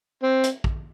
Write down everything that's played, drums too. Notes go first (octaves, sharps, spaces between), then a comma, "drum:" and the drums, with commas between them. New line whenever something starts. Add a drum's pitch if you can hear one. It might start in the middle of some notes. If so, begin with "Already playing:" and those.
C4
drum: hi-hat
drum: kick A#1